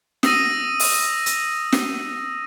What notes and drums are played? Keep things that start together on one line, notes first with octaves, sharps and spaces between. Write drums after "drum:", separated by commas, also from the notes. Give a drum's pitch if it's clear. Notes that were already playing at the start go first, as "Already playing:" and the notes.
D#6 E6 A#6 D#7, drum: snare
drum: open hi-hat
drum: hi-hat
drum: snare